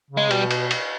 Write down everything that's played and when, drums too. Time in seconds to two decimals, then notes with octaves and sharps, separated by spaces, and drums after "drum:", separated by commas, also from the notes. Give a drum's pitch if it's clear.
0.11 C#3
0.17 G#3
0.31 B2 G3, drum: cymbal
0.51 drum: cymbal
0.71 drum: cymbal